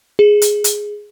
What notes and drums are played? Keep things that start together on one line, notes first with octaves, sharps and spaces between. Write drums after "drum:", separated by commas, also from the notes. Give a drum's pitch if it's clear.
G#4
drum: hi-hat
drum: hi-hat